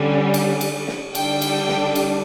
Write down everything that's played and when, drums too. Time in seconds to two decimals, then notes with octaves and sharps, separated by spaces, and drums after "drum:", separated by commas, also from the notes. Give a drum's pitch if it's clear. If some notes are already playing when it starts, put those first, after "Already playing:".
Already playing: D3 G3 C#4
0.34 drum: cymbal
0.61 drum: cymbal
0.88 drum: snare
1.15 D3 G3 D4 G5, drum: cymbal
1.42 drum: cymbal
1.68 drum: snare
1.95 drum: cymbal